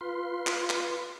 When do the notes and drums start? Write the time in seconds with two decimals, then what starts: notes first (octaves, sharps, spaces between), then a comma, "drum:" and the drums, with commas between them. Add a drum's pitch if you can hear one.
0.01 F4 B4 C6
0.47 drum: clap
0.70 drum: clap